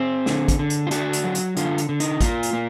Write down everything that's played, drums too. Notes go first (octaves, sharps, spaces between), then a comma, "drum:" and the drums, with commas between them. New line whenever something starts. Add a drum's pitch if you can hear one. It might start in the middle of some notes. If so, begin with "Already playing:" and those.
Already playing: C4 G#4
D3, drum: snare
drum: kick, hi-hat
D3
drum: hi-hat
F4
D4 F#4, drum: hi-hat
drum: hi-hat
F#3
drum: hi-hat
D3 F4, drum: hi-hat
drum: hi-hat
D3
D#4, drum: hi-hat
A#3 F4, drum: kick, hi-hat
drum: hi-hat
A#3